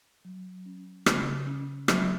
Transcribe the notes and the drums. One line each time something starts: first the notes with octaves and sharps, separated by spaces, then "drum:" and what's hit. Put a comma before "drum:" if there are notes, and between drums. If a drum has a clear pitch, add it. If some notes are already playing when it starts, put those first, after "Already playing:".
F#3
C#4
C#3, drum: rim click
C#4
F#3, drum: rim click